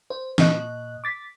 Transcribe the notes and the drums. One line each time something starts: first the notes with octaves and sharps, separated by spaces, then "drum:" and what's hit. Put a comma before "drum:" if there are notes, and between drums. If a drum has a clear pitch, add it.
C5
A#2 D#5 F#6, drum: snare
D6 A6 B6